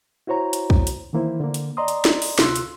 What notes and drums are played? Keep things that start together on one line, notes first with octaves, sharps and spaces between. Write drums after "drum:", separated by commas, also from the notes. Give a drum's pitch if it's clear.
E4 F#4 C5 C#5 A#5
drum: hi-hat
drum: kick
drum: hi-hat
D#3 E3 A#3 E4 C5
D3 A#3
drum: hi-hat
D5 D#5 A#5 C6 D#6
drum: hi-hat
drum: snare
drum: open hi-hat
D2 C3 F4 C6 E6 F#6, drum: snare
drum: hi-hat